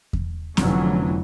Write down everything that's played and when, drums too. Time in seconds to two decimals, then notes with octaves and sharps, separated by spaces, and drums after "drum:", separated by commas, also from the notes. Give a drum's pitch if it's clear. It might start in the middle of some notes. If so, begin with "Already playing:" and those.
0.13 drum: kick E2
0.57 F1 F2 D3 E3 F#3 C#4, drum: snare